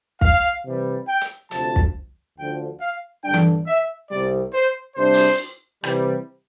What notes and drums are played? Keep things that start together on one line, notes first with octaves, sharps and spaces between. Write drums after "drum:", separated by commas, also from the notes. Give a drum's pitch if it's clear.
F5, drum: kick
C3 E3 G3
G5
drum: hi-hat
D2 C3 F3 A5, drum: hi-hat
drum: kick
D2 D3 F3 G5
F5
G2 D3 G3 D4 G5
drum: tom E3
E5
C2 C3 G3 D5
C5
C3 G3 D4 C5
drum: open hi-hat
C3 E3 G3, drum: rim click